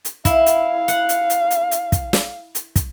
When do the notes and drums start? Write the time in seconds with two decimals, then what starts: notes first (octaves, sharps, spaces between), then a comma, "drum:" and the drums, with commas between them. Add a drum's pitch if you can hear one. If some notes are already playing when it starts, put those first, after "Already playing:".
0.05 drum: hi-hat
0.25 E4 F5, drum: kick, hi-hat
0.46 drum: hi-hat
0.88 F#5, drum: hi-hat
1.09 drum: hi-hat
1.30 drum: hi-hat
1.51 drum: hi-hat
1.71 drum: hi-hat
1.92 drum: kick, hi-hat
2.13 drum: snare
2.55 drum: hi-hat
2.76 drum: kick, hi-hat